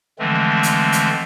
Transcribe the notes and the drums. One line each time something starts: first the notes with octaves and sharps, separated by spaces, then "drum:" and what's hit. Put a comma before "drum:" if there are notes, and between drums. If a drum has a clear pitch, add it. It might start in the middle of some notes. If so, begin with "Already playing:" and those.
D3 E3 F3 G#3 A3 C4
drum: hi-hat
drum: hi-hat